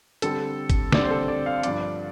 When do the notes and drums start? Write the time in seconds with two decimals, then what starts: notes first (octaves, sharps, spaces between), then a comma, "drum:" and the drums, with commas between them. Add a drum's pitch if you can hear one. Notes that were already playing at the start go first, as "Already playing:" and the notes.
0.22 D3 G3 C4 A4, drum: hi-hat
0.70 drum: kick, hi-hat
0.92 D3 G3 C4 D5, drum: snare
1.05 C5
1.11 A4
1.28 D5
1.46 F5
1.63 G2 F3 D4 D5, drum: hi-hat
1.81 D5